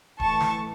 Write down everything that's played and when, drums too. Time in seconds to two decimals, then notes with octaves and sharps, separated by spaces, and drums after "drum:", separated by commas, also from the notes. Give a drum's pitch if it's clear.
0.20 A2 E3 A3 A5 C#6, drum: kick D1
0.40 drum: snare